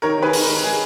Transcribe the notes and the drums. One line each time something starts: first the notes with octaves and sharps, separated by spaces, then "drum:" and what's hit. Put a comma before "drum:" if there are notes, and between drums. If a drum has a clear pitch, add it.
D#3 A#4 C#5
D#3 G#4 B4
D#3, drum: open hi-hat
G#3 A#4
G#3 G#4